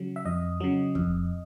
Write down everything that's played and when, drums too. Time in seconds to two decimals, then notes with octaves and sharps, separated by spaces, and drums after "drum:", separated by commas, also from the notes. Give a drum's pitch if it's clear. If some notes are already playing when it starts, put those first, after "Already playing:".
Already playing: C#3 F#3
0.16 E5
0.25 F2 D#5
0.60 C#3 F#3
0.95 F2, drum: kick